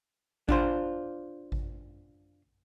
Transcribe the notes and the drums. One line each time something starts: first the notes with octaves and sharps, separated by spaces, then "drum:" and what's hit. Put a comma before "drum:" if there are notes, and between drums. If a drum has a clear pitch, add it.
D4 F4 C5, drum: kick G#1
drum: kick G#1